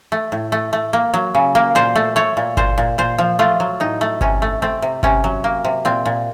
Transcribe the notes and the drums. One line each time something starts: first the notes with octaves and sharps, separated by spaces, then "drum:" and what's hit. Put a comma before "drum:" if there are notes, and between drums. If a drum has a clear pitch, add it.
A3
A2
A3
A3
A#3
F#3
C#3
A#3
A#2 C5
A3
A3 C#5
A#2
A#2 C5, drum: kick G1
A#2
A#2 C5
F3
A3 F4
F#3
A2 D#4
A3
C3 C#4, drum: kick G1
A3
A3 C4
C3
C3 C#4, drum: kick G1
F#3
A#3
C3
A#2 C4
A#2